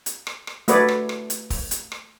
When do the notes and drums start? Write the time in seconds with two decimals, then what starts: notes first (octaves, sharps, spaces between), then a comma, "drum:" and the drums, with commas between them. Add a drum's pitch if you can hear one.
0.06 drum: hi-hat
0.27 drum: rim click
0.47 drum: rim click
0.68 A3 F#4 B4 C#5 D5, drum: hi-hat
0.88 drum: rim click
1.09 drum: rim click
1.30 drum: hi-hat
1.50 drum: kick, open hi-hat
1.71 drum: hi-hat
1.92 drum: rim click